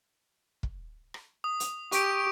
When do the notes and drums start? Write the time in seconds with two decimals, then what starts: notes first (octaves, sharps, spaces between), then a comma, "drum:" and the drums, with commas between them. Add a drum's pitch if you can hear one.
0.63 drum: kick
1.14 drum: rim click
1.44 D#6
1.60 drum: hi-hat
1.92 G4 C#6 D7, drum: hi-hat